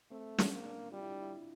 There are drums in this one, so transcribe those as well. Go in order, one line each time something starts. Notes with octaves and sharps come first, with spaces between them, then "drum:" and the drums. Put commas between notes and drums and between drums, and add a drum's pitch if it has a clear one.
A3 C4
D4, drum: snare
A#3
D4
G3 F4
E4
D4
E4